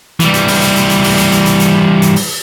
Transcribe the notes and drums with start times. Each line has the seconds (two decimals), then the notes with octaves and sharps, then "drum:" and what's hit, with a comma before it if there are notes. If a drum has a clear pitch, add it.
0.20 E3 G3, drum: hi-hat
0.34 drum: hi-hat
0.48 drum: open hi-hat
0.62 drum: hi-hat
0.76 drum: hi-hat
0.90 drum: hi-hat
1.04 drum: open hi-hat
1.18 drum: hi-hat
1.32 drum: hi-hat
1.46 drum: hi-hat
1.60 drum: hi-hat
2.02 drum: hi-hat
2.16 drum: open hi-hat